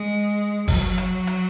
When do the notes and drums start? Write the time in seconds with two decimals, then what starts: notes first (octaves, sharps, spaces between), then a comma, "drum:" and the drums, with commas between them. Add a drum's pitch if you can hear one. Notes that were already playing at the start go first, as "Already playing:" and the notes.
Already playing: G#3
0.68 F#3, drum: kick, open hi-hat
0.98 drum: hi-hat
1.27 drum: hi-hat